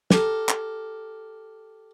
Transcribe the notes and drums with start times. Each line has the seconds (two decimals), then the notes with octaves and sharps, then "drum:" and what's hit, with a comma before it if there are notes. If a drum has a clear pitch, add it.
0.11 G4 A4 A#4, drum: snare
0.49 drum: clap